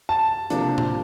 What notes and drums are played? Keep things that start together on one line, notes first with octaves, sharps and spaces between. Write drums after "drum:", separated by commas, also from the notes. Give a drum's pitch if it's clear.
A5
C3 F3 A#3 D4, drum: hi-hat
drum: tom A2